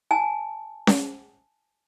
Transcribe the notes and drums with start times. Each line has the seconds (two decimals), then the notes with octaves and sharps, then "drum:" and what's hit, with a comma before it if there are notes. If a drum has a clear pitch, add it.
0.11 G#5 A5
0.87 drum: snare C#4